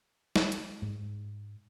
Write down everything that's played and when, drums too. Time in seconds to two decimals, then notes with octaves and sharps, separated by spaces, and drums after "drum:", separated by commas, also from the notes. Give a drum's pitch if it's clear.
0.36 drum: snare
0.52 drum: hi-hat
0.82 G#2